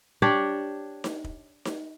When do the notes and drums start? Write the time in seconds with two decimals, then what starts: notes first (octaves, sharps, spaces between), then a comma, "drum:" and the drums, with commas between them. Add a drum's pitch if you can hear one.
0.22 D4 G4 C#5 D5
1.04 drum: snare D#4
1.24 drum: kick
1.65 drum: snare D#4